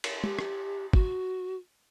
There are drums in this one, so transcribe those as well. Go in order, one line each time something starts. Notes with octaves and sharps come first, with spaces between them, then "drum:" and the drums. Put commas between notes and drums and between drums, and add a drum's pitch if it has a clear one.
drum: cymbal
G4, drum: tom
drum: rim click
F#4, drum: kick